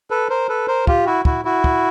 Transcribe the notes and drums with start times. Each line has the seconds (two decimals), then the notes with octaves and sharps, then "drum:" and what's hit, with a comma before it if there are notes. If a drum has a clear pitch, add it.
0.10 A4 B4
0.30 A#4 C5
0.49 A4 B4
0.68 A#4 C5
0.87 F4 G4, drum: kick
1.06 E4 F#4
1.25 E4 F#4, drum: kick
1.45 E4 F#4
1.64 drum: kick